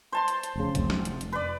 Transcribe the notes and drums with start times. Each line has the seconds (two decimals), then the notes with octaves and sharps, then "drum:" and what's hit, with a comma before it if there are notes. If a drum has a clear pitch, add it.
0.12 C5 A5 C6
0.28 drum: hi-hat
0.43 drum: hi-hat
0.56 F1 C#3
0.75 F1, drum: kick, hi-hat
0.90 drum: snare
1.05 drum: hi-hat
1.21 drum: hi-hat
1.32 B4 D5